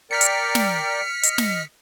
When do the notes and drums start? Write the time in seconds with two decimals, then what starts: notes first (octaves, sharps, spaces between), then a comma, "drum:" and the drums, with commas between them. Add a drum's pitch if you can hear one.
0.11 A#4 D5 G5 F6 B6 C#7
0.21 drum: hi-hat
0.55 drum: snare
1.23 D#5, drum: hi-hat
1.38 drum: snare